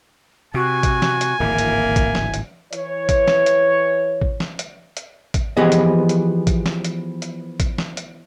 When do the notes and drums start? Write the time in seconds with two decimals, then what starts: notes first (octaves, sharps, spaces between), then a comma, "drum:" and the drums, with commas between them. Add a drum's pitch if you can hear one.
0.54 C3 F#4 G#5
0.83 drum: kick A1, hi-hat
1.02 drum: snare
1.21 drum: hi-hat
1.40 D1 G#1 E3 A#3 E5
1.59 drum: hi-hat
1.96 drum: kick A1, hi-hat
2.15 drum: snare
2.34 drum: hi-hat
2.73 E3 C#5, drum: hi-hat
3.09 drum: kick A1, hi-hat
3.28 drum: snare
3.46 drum: hi-hat
4.21 drum: kick A1
4.40 drum: snare
4.59 drum: hi-hat
4.97 drum: hi-hat
5.34 drum: kick A1, hi-hat
5.57 E3 F3 B3 G4 G#4 D#5
5.72 drum: hi-hat
6.09 drum: hi-hat
6.47 drum: kick A1, hi-hat
6.66 drum: snare
6.84 drum: hi-hat
7.22 drum: hi-hat
7.60 drum: kick A1, hi-hat
7.78 drum: snare
7.97 drum: hi-hat